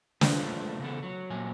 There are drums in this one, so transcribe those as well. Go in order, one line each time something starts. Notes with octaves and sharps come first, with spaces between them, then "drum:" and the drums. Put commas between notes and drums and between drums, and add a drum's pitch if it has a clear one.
G#3 A3 D4 F4 B4 C5, drum: snare
C#3 B3 A4
F#3
A#2 F#3 G#5